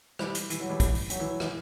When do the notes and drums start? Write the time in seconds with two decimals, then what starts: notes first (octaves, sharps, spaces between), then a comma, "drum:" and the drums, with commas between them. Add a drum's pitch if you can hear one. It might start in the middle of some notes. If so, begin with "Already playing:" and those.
0.19 E3 G3, drum: rim click
0.35 drum: hi-hat
0.50 E3, drum: hi-hat
0.60 F#3
0.70 E3 G3
0.80 drum: kick, hi-hat
0.95 drum: open hi-hat
1.10 F#3, drum: hi-hat
1.20 E3
1.40 E3, drum: rim click